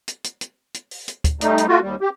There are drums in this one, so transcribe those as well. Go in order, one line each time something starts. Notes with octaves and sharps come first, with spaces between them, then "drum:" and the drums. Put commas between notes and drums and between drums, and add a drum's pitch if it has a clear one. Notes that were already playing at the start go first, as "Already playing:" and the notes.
drum: hi-hat
drum: hi-hat
drum: hi-hat
drum: hi-hat
drum: open hi-hat
drum: hi-hat
drum: kick, hi-hat
G3 A3 D#4, drum: hi-hat
drum: hi-hat
A3 F4 F#4
D#2 G3
G4